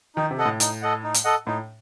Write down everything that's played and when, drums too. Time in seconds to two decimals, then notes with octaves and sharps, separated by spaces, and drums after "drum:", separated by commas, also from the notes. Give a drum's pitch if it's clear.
0.16 D#3 D#4
0.31 C3
0.38 A4 D#5 F#5
0.45 A2
0.60 D#4, drum: hi-hat
0.82 A4 D#5 F#5
1.04 D#4
1.14 drum: hi-hat
1.25 A4 D#5 F#5
1.47 A2 D#4